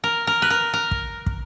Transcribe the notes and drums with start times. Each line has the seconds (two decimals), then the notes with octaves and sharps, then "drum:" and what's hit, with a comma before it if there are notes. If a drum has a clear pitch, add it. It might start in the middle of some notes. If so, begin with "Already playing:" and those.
0.04 A#4
0.27 A#4
0.42 B4
0.50 A#4
0.73 A#4
0.91 drum: kick
1.26 drum: kick